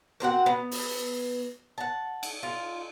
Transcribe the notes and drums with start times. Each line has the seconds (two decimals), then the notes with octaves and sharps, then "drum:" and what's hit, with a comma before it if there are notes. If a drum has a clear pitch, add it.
0.20 A#3 C4 F#4 F#5
0.46 B3
0.71 drum: open hi-hat
1.78 F#5 A5
2.23 drum: cymbal
2.43 F4